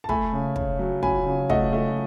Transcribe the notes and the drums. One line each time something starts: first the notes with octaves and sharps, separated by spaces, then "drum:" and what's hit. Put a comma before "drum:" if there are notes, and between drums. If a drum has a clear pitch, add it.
A5
A3 G#5 B5, drum: kick
C#3
C#3, drum: kick
F#3
F#3 G#5 B5, drum: kick
C#3
A3 D#5 F#5, drum: kick
A3